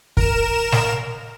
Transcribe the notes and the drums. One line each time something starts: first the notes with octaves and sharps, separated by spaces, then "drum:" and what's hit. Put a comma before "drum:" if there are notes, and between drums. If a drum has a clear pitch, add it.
A#4 E7, drum: kick
drum: snare